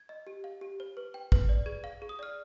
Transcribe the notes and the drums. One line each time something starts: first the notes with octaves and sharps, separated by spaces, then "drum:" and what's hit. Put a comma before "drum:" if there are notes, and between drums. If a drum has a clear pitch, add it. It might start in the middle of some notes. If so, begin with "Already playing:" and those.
Already playing: G#6
D#5
G4
F5
G4
C5
B4
G5
B4, drum: kick
D5
G#4 G#6
F5
G#4
D#6
D5 F6